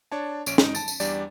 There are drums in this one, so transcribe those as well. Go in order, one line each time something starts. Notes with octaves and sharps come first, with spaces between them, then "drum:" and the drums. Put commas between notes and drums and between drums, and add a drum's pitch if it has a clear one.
D4 C#5 A5
A#1 C#4 D7, drum: tambourine
D#4, drum: snare
A5 A6, drum: tambourine
drum: tambourine
E2 G3 D4 D5, drum: tambourine